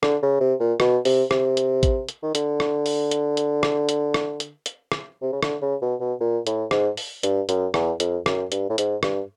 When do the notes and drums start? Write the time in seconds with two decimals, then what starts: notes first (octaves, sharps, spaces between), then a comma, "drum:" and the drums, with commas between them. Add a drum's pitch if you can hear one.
0.03 D3, drum: rim click
0.23 C#3
0.41 C3
0.60 A#2
0.80 B2, drum: rim click
1.05 C3, drum: open hi-hat
1.31 C3, drum: rim click
1.57 drum: hi-hat
1.83 drum: kick A1, hi-hat
2.09 drum: hi-hat
2.23 D#3
2.35 D3, drum: hi-hat
2.60 drum: rim click
2.86 drum: open hi-hat
3.11 drum: hi-hat
3.37 drum: hi-hat
3.63 drum: rim click
3.89 drum: hi-hat
4.14 drum: rim click
4.40 drum: hi-hat
4.66 drum: hi-hat
4.92 drum: rim click
5.22 C3
5.33 C#3
5.43 D3, drum: rim click
5.62 C#3
5.82 B2
6.00 B2
6.20 A#2
6.47 A2, drum: hi-hat
6.71 G#2, drum: rim click
6.97 drum: open hi-hat
7.23 G2, drum: hi-hat
7.49 F#2, drum: hi-hat
7.74 E2, drum: rim click
8.00 F2, drum: hi-hat
8.26 F#2, drum: rim click
8.52 G2, drum: hi-hat
8.70 A2
8.78 G#2, drum: hi-hat
9.03 G2, drum: rim click